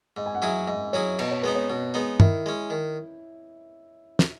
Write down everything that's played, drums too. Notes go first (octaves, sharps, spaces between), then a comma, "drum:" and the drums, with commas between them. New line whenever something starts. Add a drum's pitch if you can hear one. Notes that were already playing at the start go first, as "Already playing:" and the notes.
G#2 D#5
G#5
F#5
F#3 C#4 E4 G#4 E5
G#2 D#5
F#3 C#4 E4 G#4 C#5
B2 D#5, drum: cymbal
C#5
G#3 B3 D#4 B4
C#5
B2
G#3 B3 D#4
D#3 E4, drum: tom
G#3 C#4
D#3
drum: snare